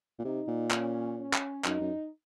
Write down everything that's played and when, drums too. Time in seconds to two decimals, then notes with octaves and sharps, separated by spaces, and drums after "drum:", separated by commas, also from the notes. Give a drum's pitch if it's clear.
0.18 A#2
0.24 C3 D#4
0.48 A#2
0.71 C#4, drum: clap
1.18 C#4
1.33 drum: clap
1.65 F#2 D#4, drum: clap
1.80 F#2